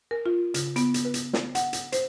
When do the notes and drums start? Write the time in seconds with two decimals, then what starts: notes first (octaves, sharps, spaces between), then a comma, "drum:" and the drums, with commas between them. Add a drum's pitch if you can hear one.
0.11 A#4
0.26 F4
0.54 C#3, drum: hi-hat
0.76 B3, drum: hi-hat
0.94 drum: hi-hat
1.05 B4
1.14 drum: hi-hat
1.33 drum: snare
1.55 F#5, drum: hi-hat
1.73 drum: hi-hat
1.92 C5, drum: hi-hat